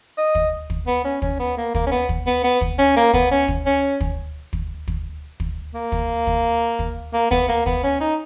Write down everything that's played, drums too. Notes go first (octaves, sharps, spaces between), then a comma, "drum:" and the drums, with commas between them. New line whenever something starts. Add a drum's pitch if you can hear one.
D#5
drum: kick
drum: kick
B3
C#4
C#4, drum: kick
B3
A#3
A#3, drum: kick
C#4
B3
drum: kick
B3
B3
drum: kick
C#4
A#3
B3, drum: kick
C#4
drum: kick
C#4
drum: kick
drum: kick
drum: kick
drum: kick
A#3
drum: kick
drum: kick
drum: kick
A#3
B3, drum: kick
A#3
B3, drum: kick
C#4
D#4